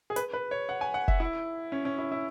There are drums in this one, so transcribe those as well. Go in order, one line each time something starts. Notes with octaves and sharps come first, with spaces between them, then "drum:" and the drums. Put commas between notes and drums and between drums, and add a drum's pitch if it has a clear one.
G#4
B4, drum: hi-hat
B4
C#5
F#5
G#5
F#5
E5, drum: kick F1
E4
C#4
C#4
E4
E4